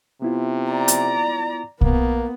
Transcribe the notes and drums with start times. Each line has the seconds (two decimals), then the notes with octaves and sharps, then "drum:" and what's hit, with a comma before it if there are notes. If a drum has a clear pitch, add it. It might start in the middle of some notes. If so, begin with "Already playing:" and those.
0.22 C3 B3 E4 F4
0.71 D5 A#5
0.88 drum: hi-hat
1.81 A#3 B3, drum: kick